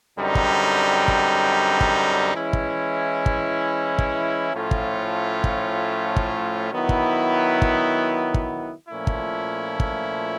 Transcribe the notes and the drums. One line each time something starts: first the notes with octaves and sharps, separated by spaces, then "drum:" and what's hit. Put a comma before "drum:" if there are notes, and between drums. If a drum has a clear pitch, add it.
F#2 D3 G3 C4 D#4
drum: kick
drum: kick
drum: kick
E3 G#3 C#4 E4
drum: kick
drum: kick
drum: kick
A2 F3 A3 C#4 F4
drum: kick
drum: kick
drum: kick
D#3 F#3 B3 E4
drum: kick
drum: kick
drum: kick
A#2 F3 A3 C#4 E4
drum: kick
drum: kick